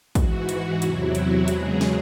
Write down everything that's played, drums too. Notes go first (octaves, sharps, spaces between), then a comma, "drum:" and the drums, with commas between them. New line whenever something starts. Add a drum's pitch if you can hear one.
G#2 E3 F#4, drum: kick, hi-hat
drum: hi-hat
E2 C3 F#3 E4, drum: hi-hat
F#4, drum: hi-hat
E2 C#3 F#3 G#3 G#4, drum: hi-hat
drum: snare